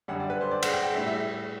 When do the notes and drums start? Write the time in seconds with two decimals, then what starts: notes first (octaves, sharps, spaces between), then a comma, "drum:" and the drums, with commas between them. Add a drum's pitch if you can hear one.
0.08 F#2 D3 G3 F#5
0.20 D5
0.30 B4
0.41 C5
0.51 D5
0.63 F#5, drum: cymbal
0.73 G5
0.95 A2 G3 E5
1.06 E5